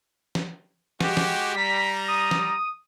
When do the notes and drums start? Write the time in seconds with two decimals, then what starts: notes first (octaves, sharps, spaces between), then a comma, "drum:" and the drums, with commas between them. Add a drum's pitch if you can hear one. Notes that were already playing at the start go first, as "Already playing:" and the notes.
0.35 drum: snare
1.01 G#3 F#4 G4, drum: snare
1.17 drum: snare
1.55 G3 A#5 B6
2.08 D#6
2.31 drum: snare